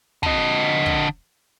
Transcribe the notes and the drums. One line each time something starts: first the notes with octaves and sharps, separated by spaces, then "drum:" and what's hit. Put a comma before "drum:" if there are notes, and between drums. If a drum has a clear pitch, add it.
D3 D#5, drum: kick
drum: kick